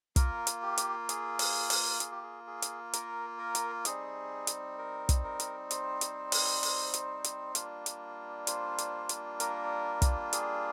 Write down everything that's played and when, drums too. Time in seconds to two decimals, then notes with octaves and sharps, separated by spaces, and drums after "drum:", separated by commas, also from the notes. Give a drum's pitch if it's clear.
0.16 A#3 F4 A#4, drum: kick, hi-hat
0.47 drum: hi-hat
0.63 G4
0.77 drum: hi-hat
1.09 G#4, drum: hi-hat
1.39 drum: open hi-hat
1.70 drum: open hi-hat
2.00 G#4, drum: hi-hat
2.12 G4
2.23 G#4
2.47 G#4
2.62 drum: hi-hat
2.93 A#4, drum: hi-hat
3.39 A#4
3.55 drum: hi-hat
3.85 G3 C4 D#4 G#4, drum: hi-hat
4.47 drum: hi-hat
4.78 A#4
5.09 drum: kick, hi-hat
5.24 A#4
5.40 drum: hi-hat
5.71 C5, drum: hi-hat
6.01 drum: hi-hat
6.32 drum: open hi-hat
6.63 drum: open hi-hat
6.94 drum: hi-hat
7.24 drum: hi-hat
7.55 G3 A#3 D4 F4, drum: hi-hat
7.86 drum: hi-hat
8.47 C5, drum: hi-hat
8.78 drum: hi-hat
9.09 drum: hi-hat
9.40 A#4, drum: hi-hat
10.02 drum: kick, hi-hat
10.33 G#4, drum: hi-hat